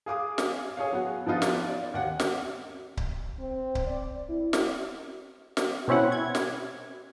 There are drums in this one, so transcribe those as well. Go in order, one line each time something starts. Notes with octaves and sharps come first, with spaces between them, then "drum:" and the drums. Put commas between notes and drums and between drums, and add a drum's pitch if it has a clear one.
G#4 F5 D6 D#6
drum: snare
G#4 C#5 F5
F#3 B3 F#5
F3 B3 D#4 F4
drum: snare
D5
D#2 F5 F#5
drum: snare
drum: kick C#1
C4
drum: kick C#1
D5
E4
drum: snare
drum: snare
B2 C4 C#4 E4 F#5
G#6
drum: snare